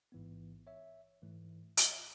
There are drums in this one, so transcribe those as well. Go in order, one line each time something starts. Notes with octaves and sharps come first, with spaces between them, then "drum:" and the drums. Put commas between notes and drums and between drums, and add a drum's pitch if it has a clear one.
A1 G#2 E3 B3
C#5 E5
G#2 E3 A3
E5, drum: hi-hat
D#5
C#5 E5